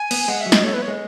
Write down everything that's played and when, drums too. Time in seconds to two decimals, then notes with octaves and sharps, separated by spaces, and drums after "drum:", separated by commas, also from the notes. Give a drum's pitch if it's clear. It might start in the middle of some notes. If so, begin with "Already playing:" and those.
Already playing: G#5
0.11 B3, drum: cymbal
0.28 G#3 F#5
0.41 E5
0.46 F#3
0.52 D#5, drum: snare
0.64 A3 C#5
0.74 B3 B4
0.82 C#5
0.88 G#3